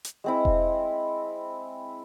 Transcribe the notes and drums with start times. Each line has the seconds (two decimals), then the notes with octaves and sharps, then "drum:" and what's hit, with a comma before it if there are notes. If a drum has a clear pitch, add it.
0.04 drum: hi-hat
0.24 G#3 C4 E4
0.45 drum: kick E1